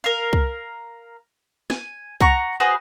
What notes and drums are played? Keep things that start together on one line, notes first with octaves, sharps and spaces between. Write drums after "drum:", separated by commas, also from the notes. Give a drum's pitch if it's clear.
A#4 F5
drum: kick
G#5, drum: snare
F#5 A#5 C#6, drum: kick
F#4 G#4 B4 C5